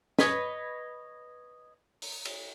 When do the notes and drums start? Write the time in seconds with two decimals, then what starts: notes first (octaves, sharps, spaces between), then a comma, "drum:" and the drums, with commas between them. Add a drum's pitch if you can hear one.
0.19 B4 C#5 D#5, drum: snare
2.02 drum: open hi-hat
2.25 drum: cymbal